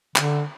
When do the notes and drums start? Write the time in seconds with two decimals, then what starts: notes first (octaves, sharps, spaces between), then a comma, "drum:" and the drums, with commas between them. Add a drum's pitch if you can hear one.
0.16 D3, drum: clap